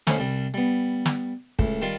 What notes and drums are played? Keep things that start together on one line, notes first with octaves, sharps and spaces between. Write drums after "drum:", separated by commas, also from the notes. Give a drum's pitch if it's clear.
D2 C#4 C5 D#5 F5 B5, drum: snare
C2 G3
G3 B3
drum: snare
C#2 A2, drum: kick
D#3 G3 F4 F5